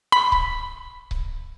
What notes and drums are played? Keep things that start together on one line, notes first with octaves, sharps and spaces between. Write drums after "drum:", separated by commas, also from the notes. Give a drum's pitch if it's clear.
B5
drum: kick C#1
drum: kick C#1